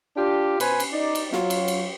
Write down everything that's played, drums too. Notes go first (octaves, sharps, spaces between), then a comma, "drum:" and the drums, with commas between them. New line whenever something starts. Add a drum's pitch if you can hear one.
D4 F4 G4
B2 B4 C5 G#5, drum: cymbal
drum: cymbal
D#4 D5
drum: cymbal
F#3 F4, drum: snare
drum: cymbal
drum: cymbal